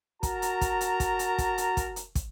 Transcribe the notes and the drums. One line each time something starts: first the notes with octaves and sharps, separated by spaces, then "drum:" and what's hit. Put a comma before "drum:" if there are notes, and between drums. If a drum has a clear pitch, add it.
F#4 A#4 A5 A#5, drum: kick, hi-hat
drum: hi-hat
drum: kick, hi-hat
drum: hi-hat
drum: kick, hi-hat
drum: hi-hat
drum: kick, hi-hat
drum: hi-hat
drum: kick, hi-hat
drum: hi-hat
drum: kick, hi-hat